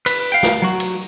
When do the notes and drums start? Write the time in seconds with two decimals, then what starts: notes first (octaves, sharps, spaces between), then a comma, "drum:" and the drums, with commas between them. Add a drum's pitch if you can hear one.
0.06 B4, drum: cymbal
0.32 F5 G5
0.43 drum: snare
0.62 F#3 F#4
0.80 drum: cymbal